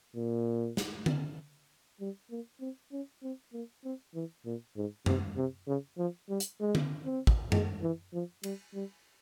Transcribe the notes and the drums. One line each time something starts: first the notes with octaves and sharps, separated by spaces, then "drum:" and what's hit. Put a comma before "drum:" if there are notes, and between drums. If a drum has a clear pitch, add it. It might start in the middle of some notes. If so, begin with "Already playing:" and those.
A#2
drum: snare
drum: tom D3
G3
A#3
C4
C#4
C4
A#3
C4
E3
A#2
G#2
C3, drum: tom F#2
C3
C#3
F3
G3
drum: hi-hat
G#3
drum: tom D3
C4
drum: kick
G#3, drum: tom F#2
E3
F3
G3, drum: cymbal
G3